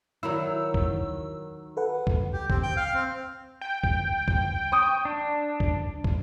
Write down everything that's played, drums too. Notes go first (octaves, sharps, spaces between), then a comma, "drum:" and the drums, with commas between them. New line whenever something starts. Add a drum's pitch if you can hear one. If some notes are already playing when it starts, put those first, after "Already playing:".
D#3 F#3 E4 E6
drum: kick
A4 B4 F#5
drum: kick
G4
C4, drum: kick
G5
F5
C4
G5
drum: kick
drum: kick
C#6 D#6 G6
D4
drum: kick
drum: kick